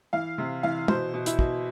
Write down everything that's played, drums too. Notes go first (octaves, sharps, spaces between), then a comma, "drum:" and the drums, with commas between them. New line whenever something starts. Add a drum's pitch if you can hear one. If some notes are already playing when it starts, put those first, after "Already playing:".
E3 F5
C3
E3 F5
B2 C5, drum: tom
B2
E4, drum: hi-hat
B2, drum: kick